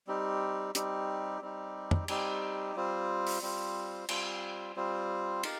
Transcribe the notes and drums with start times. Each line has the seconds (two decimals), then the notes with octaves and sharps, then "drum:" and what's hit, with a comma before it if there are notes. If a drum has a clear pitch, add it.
0.07 G3 C4 D#4 G4
0.75 G3 C4 D#4 G4, drum: hi-hat
1.42 G3 C4 D#4 G4
1.91 drum: tom
2.08 G3 C4 D#4 G4, drum: cymbal
2.76 G3 C4 F4 C5
3.27 drum: open hi-hat
3.42 G3 C4 F4 C5
4.09 G3 C4 F4 C5, drum: cymbal
4.76 G3 C4 F4 C5
5.43 D#4 G4 A#4 F5, drum: cymbal